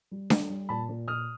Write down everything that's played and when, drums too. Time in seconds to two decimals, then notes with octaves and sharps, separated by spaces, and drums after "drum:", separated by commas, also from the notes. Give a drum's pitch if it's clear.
0.11 G3
0.30 G3, drum: snare D4
0.50 G3
0.69 A#2 A5 B5
0.89 A#2
1.08 A#2 D#6 F6